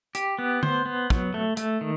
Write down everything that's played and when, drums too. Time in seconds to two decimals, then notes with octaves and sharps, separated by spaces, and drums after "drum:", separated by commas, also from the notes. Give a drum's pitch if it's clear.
0.15 G4, drum: hi-hat
0.39 B3
0.63 C5, drum: tom D3
0.86 B3
1.10 F#3, drum: kick
1.34 A3
1.57 A3, drum: hi-hat
1.81 D#3